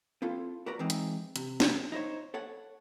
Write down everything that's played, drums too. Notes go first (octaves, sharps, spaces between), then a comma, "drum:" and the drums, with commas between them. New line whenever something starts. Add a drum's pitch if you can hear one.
C4 E4 F4 A4
F#4 A#4 B4 D5 A#5
E3 G#3 C4 D#4
drum: hi-hat
C3, drum: hi-hat
drum: snare
D#4 E4 G#4 C5 C#5
A4 C#5 F#5